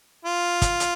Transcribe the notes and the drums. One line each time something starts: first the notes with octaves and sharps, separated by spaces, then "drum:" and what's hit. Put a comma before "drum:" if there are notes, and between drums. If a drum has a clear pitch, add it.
F4
drum: kick, hi-hat
drum: hi-hat